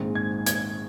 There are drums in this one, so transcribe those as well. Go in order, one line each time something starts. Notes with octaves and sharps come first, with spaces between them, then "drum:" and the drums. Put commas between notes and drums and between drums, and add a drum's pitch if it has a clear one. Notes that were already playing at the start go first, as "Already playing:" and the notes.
Already playing: A#1 G#2 D#3 G#3 C4
G#6
G#6, drum: hi-hat